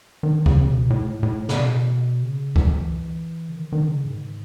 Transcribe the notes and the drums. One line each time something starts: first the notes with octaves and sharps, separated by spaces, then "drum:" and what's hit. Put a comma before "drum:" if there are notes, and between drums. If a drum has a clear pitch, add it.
D#3
C#3, drum: kick C#2
B2
A2
A2
C#3, drum: snare
B2
C#3
E3, drum: kick C#2
C#3
D#3
D#3
C#3
G#2